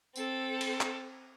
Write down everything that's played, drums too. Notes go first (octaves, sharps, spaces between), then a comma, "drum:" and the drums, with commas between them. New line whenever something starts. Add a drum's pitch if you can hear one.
C4 A4, drum: tambourine
drum: cymbal
drum: clap